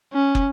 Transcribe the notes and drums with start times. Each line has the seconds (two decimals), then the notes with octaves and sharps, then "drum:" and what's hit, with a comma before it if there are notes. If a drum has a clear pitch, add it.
0.13 C#4
0.35 drum: kick